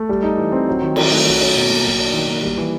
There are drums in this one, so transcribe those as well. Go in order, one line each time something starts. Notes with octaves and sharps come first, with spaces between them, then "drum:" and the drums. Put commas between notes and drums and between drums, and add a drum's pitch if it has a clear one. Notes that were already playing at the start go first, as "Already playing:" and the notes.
Already playing: A3
G3
D#4
E3
C4
F#3
D#3
D#3, drum: cymbal
A3
F#3
C#4
B2
A#3
F#3
D4
D#3
A#3
G3
E3